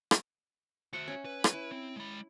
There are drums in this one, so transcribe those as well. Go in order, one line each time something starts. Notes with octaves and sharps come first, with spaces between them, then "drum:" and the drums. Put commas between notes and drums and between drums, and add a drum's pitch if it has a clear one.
drum: rim click
F#4 C5 E5 F#5 C#6
C#4
B4
drum: rim click
E4
C4
G#3 B5